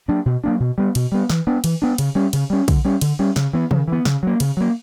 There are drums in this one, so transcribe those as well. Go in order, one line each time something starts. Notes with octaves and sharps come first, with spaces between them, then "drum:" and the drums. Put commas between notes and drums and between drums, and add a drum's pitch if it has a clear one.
F#3 A#3 D4
B2
F#3 A#3 D4
B2
G3 B3
B2, drum: cymbal
G3 B3
E3, drum: snare
B3 D4
E3, drum: cymbal
B3 D4
C#3, drum: cymbal
G3 C#4
C#3, drum: cymbal
G3 C#4
D3, drum: kick, cymbal
G3 C#4
D3, drum: cymbal
G3 C#4
C#3, drum: snare
E3 B3
C#3, drum: tom
E3 B3
C#3, drum: snare
F#3 A#3
C#3, drum: cymbal
F#3 A#3